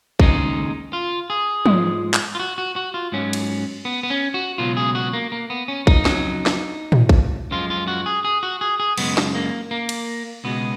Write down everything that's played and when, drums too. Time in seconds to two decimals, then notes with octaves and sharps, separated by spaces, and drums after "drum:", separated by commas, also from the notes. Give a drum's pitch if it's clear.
0.20 D#2 C#3 G#3 D#4, drum: kick
0.93 F4
1.30 G#4
1.66 G#2 F3 G#3, drum: tom
2.14 drum: clap
2.35 F4
2.40 F#4
2.58 F#4
2.76 F#4
2.94 F4
3.12 G#2 F#3 C#4
3.33 drum: cymbal
3.85 B3
4.03 B3
4.10 C#4
4.34 F#4
4.58 C#2 B2 F#3 F4
4.77 G#4
4.95 F#4
5.14 A#3
5.32 A#3
5.50 B3
5.68 C#4
5.87 D#4, drum: kick
6.05 F2 C#3 F#3, drum: snare
6.46 drum: snare
6.92 drum: tom
7.09 drum: kick
7.51 F#2 F3 G#3 F4
7.70 F4
7.88 F#4
8.06 G#4
8.25 G#4
8.43 F#4
8.61 G#4
8.80 G#4
8.98 F#2 C#3 G#3 B3, drum: cymbal
9.17 drum: snare
9.35 A#3
9.71 A#3
9.89 drum: cymbal
10.44 C#2 B2 G#3 B3